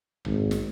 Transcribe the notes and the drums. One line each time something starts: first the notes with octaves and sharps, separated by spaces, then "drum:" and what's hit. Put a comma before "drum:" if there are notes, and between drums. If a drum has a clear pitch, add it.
G#1, drum: tom A#1
drum: snare